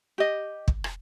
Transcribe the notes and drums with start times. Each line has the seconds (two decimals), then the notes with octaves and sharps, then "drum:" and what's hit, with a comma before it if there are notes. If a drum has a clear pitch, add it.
0.18 G4 D#5
0.68 drum: kick
0.84 drum: rim click